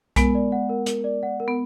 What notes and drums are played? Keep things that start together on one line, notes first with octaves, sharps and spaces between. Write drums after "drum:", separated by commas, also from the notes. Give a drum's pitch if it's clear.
G#3 B3 A#4, drum: kick B1, hi-hat
D5
F#5
A#4
A#4, drum: hi-hat
D5
F#5
A#4
B3